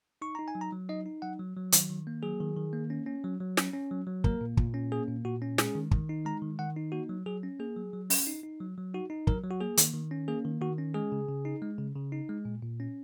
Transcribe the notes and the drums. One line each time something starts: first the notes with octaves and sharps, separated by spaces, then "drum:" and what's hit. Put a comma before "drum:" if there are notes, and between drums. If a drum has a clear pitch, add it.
D#4 C#6
D#4 A#5
G#5
F#3
A#5
F#3
D#4 D#5
D#4
F#3 F#5
F#3
F#3
D#3, drum: hi-hat
D#3
A#3
F#3 G#4
D#3
D#3
A#3
C#4
C#4
F#3
F#3
C#4, drum: snare
C#4
F#3
F#3
A#3 A#4, drum: kick
A#2
A#2, drum: kick
C#4
A#3 G#4
A#2
A#2 F#4
C#4
G#3 G#4, drum: snare
D#3
D#3, drum: kick
D#4
G#3 A#5
D#3
D#3 F#5
D#4
A#3 F#4
F#3
F#3 G#4
C#4
A#3 G#4
F#3
F#3
C#4, drum: open hi-hat
D#4
D#4
F#3
F#3
D#4 F#4
D#4
F#3 A#4, drum: kick
F#3
F#4
A#3 G#4
D#3, drum: hi-hat
D#3
C#4
A#3 G#4
D#3
D#3 F#4
C#4
G#3 G#4
C#3
C#3
D#4
G#3
C#3
C#3
D#4
G#3
A#2
A#2
C#4